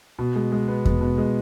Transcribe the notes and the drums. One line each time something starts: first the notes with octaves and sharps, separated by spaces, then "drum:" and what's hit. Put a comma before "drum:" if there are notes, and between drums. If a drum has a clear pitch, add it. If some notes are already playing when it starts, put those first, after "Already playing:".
B2
G#3
G#3
B3
B3, drum: kick E2
B2
G#3